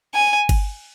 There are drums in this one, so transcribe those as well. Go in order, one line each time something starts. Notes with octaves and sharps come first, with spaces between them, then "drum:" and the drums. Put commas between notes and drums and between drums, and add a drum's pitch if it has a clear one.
G#5
drum: kick G1, cymbal